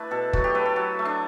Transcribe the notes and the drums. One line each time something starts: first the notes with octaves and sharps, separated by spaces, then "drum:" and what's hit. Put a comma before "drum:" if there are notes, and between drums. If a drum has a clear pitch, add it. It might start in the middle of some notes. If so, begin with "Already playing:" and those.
Already playing: A3 D4 E4 B4
B2 A4
F#3 F#4, drum: kick
G4
A3 B4
A4
F#3
A3
D4